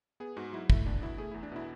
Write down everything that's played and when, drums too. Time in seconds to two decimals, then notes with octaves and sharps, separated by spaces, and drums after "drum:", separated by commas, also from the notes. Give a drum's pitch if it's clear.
0.20 B3 G#4
0.37 G#2 F#4
0.53 F#3 E4
0.70 A3 E4, drum: kick
0.86 E2 D4
1.02 B2 E4
1.18 A3 G#4
1.31 E2 E4
1.43 D4
1.52 B2 E4